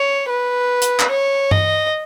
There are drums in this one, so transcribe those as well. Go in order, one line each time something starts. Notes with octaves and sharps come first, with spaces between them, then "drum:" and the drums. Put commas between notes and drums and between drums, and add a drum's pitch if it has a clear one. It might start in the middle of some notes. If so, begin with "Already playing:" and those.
Already playing: C#5
B4
drum: hi-hat
drum: clap
C#5
D#5, drum: tom G2